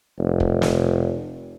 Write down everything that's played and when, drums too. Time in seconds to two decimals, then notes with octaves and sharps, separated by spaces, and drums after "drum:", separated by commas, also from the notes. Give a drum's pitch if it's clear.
0.19 F1
0.40 drum: kick
0.62 drum: snare